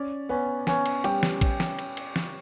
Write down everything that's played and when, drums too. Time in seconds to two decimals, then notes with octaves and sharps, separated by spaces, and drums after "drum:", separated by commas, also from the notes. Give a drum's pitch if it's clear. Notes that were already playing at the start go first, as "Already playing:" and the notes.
Already playing: C#4 D5
0.29 B3 C#4
0.67 B3 C#4, drum: snare
0.86 drum: cymbal
1.04 G3 G4, drum: cymbal
1.23 drum: snare
1.41 drum: kick, cymbal
1.60 drum: snare
1.79 drum: cymbal
1.97 drum: cymbal
2.16 drum: snare